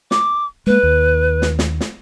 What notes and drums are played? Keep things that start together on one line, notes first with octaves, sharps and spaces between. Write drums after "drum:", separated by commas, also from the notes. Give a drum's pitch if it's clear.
D6, drum: snare
G#3 A#3 B4
D#2
drum: snare
drum: snare
drum: snare